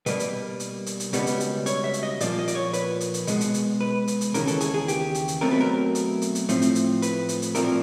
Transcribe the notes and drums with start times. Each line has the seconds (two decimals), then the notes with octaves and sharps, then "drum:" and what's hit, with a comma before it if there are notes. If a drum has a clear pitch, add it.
0.06 B2 G3 A#3 B4, drum: hi-hat
0.20 drum: hi-hat
0.60 drum: hi-hat
0.86 drum: hi-hat
1.00 drum: hi-hat
1.13 C#2 B2 G3 B3, drum: hi-hat
1.27 drum: hi-hat
1.40 drum: hi-hat
1.66 C#5, drum: hi-hat
1.84 E5
1.93 drum: hi-hat
2.03 D#5
2.20 A#2 F3 A#3 D5, drum: hi-hat
2.39 D#5
2.48 D5, drum: hi-hat
2.55 C#5
2.73 B4, drum: hi-hat
3.00 drum: hi-hat
3.14 drum: hi-hat
3.27 B2 G#3 B3, drum: hi-hat
3.41 drum: hi-hat
3.54 drum: hi-hat
3.81 B4
4.08 drum: hi-hat
4.21 drum: hi-hat
4.34 D#2 C#3 E3 A#4, drum: hi-hat
4.47 A4, drum: hi-hat
4.60 G#4, drum: hi-hat
4.74 G#4
4.88 G4, drum: hi-hat
5.15 drum: hi-hat
5.28 drum: hi-hat
5.41 B2 F#3 A3 C4 A#4
5.51 B4
5.61 A#4
5.95 drum: hi-hat
6.22 drum: hi-hat
6.35 drum: hi-hat
6.49 A2 F3 A3 C4, drum: hi-hat
6.62 drum: hi-hat
6.75 drum: hi-hat
7.02 B4, drum: hi-hat
7.29 drum: hi-hat
7.42 drum: hi-hat
7.55 C2 A#2 F3 A3 C4 A#4, drum: hi-hat